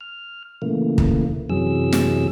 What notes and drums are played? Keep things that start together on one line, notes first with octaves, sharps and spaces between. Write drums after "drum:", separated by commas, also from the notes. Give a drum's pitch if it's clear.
F6
A#2 C#3 E3 A3 A#3
drum: kick
F#2 C3 E3 F#3 G#4 E6
drum: snare